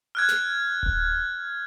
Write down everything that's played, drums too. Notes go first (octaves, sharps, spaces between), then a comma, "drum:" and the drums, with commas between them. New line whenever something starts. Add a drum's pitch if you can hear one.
F6 F#6 G#6
drum: snare
drum: kick D1